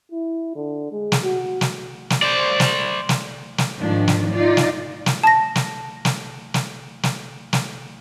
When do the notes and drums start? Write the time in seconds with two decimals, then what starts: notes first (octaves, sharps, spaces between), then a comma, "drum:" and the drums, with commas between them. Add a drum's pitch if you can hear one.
0.12 E4
0.55 D3
0.92 G#3
1.12 drum: snare
1.23 F#4
1.61 drum: snare
2.10 drum: snare
2.23 C5 D5
2.60 drum: snare
3.09 drum: snare
3.58 drum: snare
3.79 G#2 D#3 F3 D4
4.08 drum: snare
4.32 D#4 F4 D5
4.57 drum: snare
5.06 drum: snare
5.23 A5 A#6
5.55 drum: snare
6.05 drum: snare
6.54 drum: snare
7.03 drum: snare
7.53 drum: snare